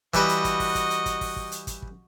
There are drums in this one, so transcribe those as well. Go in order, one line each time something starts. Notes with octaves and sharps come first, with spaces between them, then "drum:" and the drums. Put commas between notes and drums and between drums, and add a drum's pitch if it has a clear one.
E3 G3 F#4 B4 D#5, drum: kick, hi-hat
drum: hi-hat
drum: kick, hi-hat
drum: kick, open hi-hat
drum: kick, hi-hat
drum: hi-hat
drum: kick, hi-hat
drum: kick, open hi-hat
drum: kick
drum: hi-hat
drum: kick, hi-hat
drum: kick